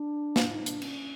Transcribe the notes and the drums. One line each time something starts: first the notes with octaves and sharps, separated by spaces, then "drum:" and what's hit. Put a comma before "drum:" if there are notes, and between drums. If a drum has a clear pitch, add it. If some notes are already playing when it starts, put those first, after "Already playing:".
Already playing: D4
drum: snare
D#4
D4, drum: hi-hat
C#4, drum: cymbal